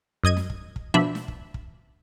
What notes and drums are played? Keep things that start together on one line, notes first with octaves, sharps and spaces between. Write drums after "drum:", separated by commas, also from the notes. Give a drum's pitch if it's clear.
F#2 D#5 G#6 D#7
drum: snare
drum: kick
drum: kick
B2 F3 D4 E5 B5
drum: snare
drum: kick
drum: kick